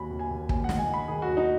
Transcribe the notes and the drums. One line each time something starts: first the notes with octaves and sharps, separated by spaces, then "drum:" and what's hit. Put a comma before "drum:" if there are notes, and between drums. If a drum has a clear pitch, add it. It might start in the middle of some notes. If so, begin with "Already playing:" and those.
Already playing: D#2 D#3 F#4 G#5 B5
D#2
G#5
D#2
D#2 G#5, drum: kick
F#5
D#3, drum: snare
G#5
D#3 B5
D#3 G#4
F#4
D#2
D#4